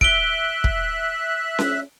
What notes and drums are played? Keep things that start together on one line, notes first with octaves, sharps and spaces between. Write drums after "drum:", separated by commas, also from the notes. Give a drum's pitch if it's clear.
E5 F#6 D7 G7, drum: kick
drum: kick
drum: snare C#4